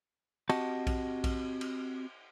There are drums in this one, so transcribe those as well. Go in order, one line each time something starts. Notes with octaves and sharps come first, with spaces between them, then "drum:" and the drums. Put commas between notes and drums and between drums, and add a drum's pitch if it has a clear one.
C4 F#4 G4 D#5 F#5 A5, drum: cymbal
drum: kick A#1, cymbal
drum: kick A#1, cymbal
drum: cymbal